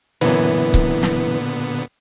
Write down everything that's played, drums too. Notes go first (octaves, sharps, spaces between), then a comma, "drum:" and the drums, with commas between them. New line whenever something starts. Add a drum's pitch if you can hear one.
F#2 A#2 D3 E3 B3, drum: hi-hat
drum: kick C#1
drum: snare